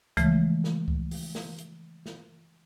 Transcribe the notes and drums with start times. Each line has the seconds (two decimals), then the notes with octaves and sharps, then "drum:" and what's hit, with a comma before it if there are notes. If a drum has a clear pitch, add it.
0.17 C#3 E3 F3 G#3 A3, drum: kick C#2, hi-hat
0.64 drum: snare
0.88 drum: kick C#2
1.11 drum: open hi-hat
1.35 drum: snare
1.59 drum: hi-hat
2.06 drum: snare